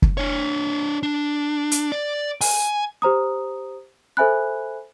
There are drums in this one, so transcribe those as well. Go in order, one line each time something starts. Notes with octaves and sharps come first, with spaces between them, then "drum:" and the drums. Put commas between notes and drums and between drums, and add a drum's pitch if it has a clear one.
drum: kick
D4 C#5
D4
drum: hi-hat
D5
G#5, drum: open hi-hat
G4 C5 A#5 D#6
A4 C5 E5 G#5 B5 F#6